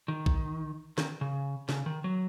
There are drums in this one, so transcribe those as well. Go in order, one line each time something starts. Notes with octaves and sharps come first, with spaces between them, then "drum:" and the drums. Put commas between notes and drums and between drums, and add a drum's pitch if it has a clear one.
D#3
drum: kick A#1
D#3, drum: snare
C#3
C#3, drum: snare
D#3
F#3